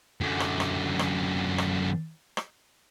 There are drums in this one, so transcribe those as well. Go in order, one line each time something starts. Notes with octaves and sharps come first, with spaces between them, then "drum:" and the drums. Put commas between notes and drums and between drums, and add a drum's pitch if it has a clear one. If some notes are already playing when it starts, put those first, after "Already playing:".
F#2 D3
drum: rim click
drum: rim click
drum: rim click
drum: rim click
drum: rim click